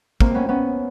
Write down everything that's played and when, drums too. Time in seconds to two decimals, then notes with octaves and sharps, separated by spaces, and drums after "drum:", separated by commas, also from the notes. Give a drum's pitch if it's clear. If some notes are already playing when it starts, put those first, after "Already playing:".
0.20 A#3 C4, drum: kick
0.35 B3 C#4
0.49 B3 C#4